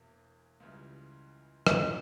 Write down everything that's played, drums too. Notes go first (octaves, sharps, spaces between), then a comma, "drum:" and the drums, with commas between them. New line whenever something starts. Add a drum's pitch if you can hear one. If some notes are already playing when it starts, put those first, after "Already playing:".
Already playing: E1 E2 E3 A#3
C#2 C#3 E3 G3
A#1 A#2 A3 D4 F4, drum: rim click